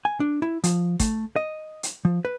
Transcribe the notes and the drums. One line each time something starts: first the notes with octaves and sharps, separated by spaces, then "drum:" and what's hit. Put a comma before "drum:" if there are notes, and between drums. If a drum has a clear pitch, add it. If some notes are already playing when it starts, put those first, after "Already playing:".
G#5
D4
E4
F3, drum: hi-hat
A3, drum: kick, hi-hat
D#5
drum: hi-hat
F3
B4